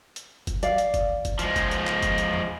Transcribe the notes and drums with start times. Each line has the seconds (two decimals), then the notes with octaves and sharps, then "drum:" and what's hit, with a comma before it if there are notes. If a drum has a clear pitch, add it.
0.16 drum: hi-hat
0.47 drum: kick G1, hi-hat
0.63 D5 F5, drum: hi-hat
0.78 drum: hi-hat
0.94 drum: kick G1, hi-hat
1.25 drum: kick G1, hi-hat
1.39 F3 G#3, drum: hi-hat
1.56 drum: kick G1, hi-hat
1.71 drum: hi-hat
1.87 drum: clap
2.02 drum: kick G1, hi-hat
2.18 drum: hi-hat
2.34 drum: tom E2